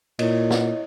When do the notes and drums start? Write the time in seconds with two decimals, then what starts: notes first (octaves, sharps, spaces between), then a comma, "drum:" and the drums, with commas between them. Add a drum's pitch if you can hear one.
0.19 A#2 E4 C#5 D#5, drum: cymbal
0.50 drum: snare